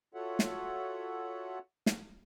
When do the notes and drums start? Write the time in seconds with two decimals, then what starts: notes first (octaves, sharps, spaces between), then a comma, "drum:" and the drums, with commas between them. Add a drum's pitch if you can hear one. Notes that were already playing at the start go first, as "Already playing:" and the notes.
0.14 F4 F#4 A4 C#5 E5 F#5
0.39 drum: snare
1.86 drum: snare